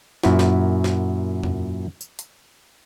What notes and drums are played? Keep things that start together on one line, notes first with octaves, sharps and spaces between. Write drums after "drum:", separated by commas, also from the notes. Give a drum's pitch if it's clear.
F#2 A#2 E4 F#4, drum: snare
drum: snare
drum: snare
drum: tom E2
drum: tambourine
drum: hi-hat